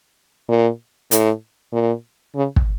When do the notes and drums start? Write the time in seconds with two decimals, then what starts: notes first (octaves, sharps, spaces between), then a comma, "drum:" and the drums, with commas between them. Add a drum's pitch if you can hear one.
0.48 A#2
1.11 A2, drum: hi-hat
1.73 A#2
2.35 C#3
2.56 drum: kick